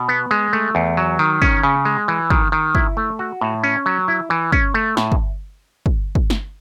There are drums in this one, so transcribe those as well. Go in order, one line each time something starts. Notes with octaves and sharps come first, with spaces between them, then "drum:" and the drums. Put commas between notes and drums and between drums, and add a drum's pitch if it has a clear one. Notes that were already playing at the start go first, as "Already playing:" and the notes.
Already playing: B2
B3
G#3
A3
E2
F#3
D#3
C#4, drum: kick
C#3
G#3
E3
D#3, drum: kick
D#3
E4, drum: kick
A3
F#4
A2
C#4
F#3
E4
E3
C#4, drum: kick
A3
A2, drum: snare
drum: kick
drum: kick
drum: kick
drum: snare